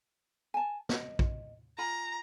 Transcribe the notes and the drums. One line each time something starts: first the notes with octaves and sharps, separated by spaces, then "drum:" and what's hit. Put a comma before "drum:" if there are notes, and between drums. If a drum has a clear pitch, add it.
G#5 A5
D#5, drum: snare
drum: kick
F4 G#5 A#5 B5